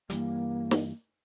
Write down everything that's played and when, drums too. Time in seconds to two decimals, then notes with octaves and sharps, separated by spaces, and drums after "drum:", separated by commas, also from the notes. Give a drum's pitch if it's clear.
0.10 G2 E3 G3 A#3, drum: hi-hat
0.71 drum: snare